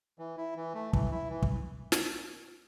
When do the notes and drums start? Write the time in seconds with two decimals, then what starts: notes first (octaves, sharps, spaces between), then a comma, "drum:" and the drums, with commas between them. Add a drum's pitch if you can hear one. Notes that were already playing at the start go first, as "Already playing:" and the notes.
0.19 E3
0.37 E4
0.56 E3
0.74 A3
0.93 E3, drum: kick
1.11 E4
1.30 E3
1.42 drum: kick
1.92 drum: snare